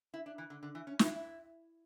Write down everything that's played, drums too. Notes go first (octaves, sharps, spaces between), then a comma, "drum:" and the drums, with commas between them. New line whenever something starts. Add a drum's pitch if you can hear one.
E4
D4
E3
D3
D3
E3
C#4
E4, drum: snare
E4